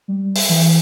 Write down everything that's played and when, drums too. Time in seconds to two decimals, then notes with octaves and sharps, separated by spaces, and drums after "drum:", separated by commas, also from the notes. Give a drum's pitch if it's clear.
0.08 G3
0.35 E5, drum: open hi-hat
0.49 E3